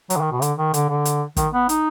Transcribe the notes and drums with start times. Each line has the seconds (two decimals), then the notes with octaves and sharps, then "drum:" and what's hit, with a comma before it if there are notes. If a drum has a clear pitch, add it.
0.10 F#3, drum: hi-hat
0.17 D3
0.21 D#3
0.32 B2
0.42 D3, drum: hi-hat
0.58 D#3
0.74 D3, drum: hi-hat
0.89 D3
1.05 drum: hi-hat
1.37 D#3, drum: kick, hi-hat
1.54 B3
1.69 D#4, drum: hi-hat